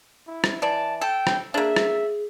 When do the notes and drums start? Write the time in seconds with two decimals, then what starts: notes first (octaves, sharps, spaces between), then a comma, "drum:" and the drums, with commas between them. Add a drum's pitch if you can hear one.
0.27 E4
0.44 drum: rim click
0.62 E3 D5 A5
1.01 A4 G5
1.27 drum: rim click
1.54 A#3 D4 G#4 E5
1.76 drum: rim click